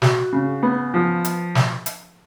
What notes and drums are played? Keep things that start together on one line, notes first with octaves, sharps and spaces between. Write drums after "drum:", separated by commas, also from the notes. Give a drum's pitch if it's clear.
F#4, drum: snare
C#3
B3
F3
drum: hi-hat
drum: snare
drum: hi-hat